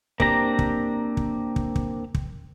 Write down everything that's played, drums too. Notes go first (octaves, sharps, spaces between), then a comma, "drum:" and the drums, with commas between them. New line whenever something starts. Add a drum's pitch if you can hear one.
A#3 C4 D4 G4 A#5, drum: kick
drum: kick
drum: kick
drum: kick
drum: kick
drum: kick